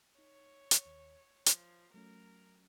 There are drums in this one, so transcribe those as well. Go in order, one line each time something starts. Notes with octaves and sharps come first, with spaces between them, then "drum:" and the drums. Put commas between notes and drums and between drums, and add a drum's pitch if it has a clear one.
D#4 C#5
drum: hi-hat
D#2
G#6
F3, drum: hi-hat
F#3 A3 C#4 A#4